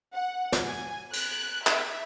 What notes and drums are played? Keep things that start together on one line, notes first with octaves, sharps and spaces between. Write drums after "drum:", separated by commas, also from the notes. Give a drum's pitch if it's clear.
F#5
drum: snare
G#5
F#6, drum: cymbal
E5, drum: clap